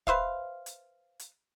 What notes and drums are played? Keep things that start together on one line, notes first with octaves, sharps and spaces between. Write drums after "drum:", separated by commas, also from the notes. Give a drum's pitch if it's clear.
B4 C5 E5 F5, drum: kick
drum: hi-hat
drum: hi-hat